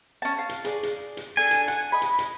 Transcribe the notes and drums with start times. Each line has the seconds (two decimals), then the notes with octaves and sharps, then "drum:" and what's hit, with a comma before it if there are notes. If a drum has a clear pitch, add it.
0.22 C#4 A5
0.39 F5
0.49 drum: hi-hat
0.65 G#4 D5, drum: hi-hat
0.83 drum: hi-hat
1.17 drum: hi-hat
1.37 D4 A4 G#5
1.51 drum: hi-hat
1.68 F#5, drum: hi-hat
1.92 D#5 B5
2.02 drum: hi-hat
2.19 drum: hi-hat